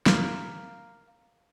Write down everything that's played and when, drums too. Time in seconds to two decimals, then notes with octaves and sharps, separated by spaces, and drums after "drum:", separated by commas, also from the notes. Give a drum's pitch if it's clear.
0.06 A#4 F5 D6, drum: snare